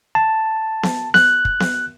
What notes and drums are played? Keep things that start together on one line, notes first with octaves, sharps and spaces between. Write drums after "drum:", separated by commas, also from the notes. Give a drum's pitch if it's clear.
A5
drum: snare B3
F#6, drum: snare B3
drum: kick
drum: snare B3